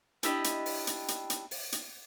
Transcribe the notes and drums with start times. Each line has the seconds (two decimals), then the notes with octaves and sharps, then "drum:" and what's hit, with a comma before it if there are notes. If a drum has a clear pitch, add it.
0.23 D4 E4 G4 D#5, drum: hi-hat
0.44 drum: hi-hat
0.66 drum: open hi-hat
0.87 drum: hi-hat
1.08 drum: hi-hat
1.30 drum: hi-hat
1.51 drum: open hi-hat
1.72 drum: hi-hat